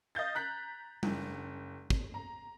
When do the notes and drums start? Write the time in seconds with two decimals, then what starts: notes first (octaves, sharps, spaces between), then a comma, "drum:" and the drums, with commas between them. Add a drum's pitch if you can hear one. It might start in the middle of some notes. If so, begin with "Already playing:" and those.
0.15 D#5 F5 G6 A6
0.35 A#5 F#6 B6
1.03 F#1, drum: tom G3
1.90 drum: kick
2.14 A#5